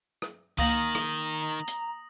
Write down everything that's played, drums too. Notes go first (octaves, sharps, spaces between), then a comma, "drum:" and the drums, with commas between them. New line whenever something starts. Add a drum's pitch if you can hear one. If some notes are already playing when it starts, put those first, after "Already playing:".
drum: rim click
D#3 A#3 F5 A#5 D#6 A#6 F#7, drum: kick C#2
drum: rim click
drum: hi-hat